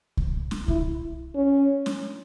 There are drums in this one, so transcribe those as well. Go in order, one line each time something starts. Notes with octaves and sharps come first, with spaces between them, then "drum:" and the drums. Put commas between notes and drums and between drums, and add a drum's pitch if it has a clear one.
drum: kick C2
drum: snare
E4, drum: kick C2
C#4
drum: snare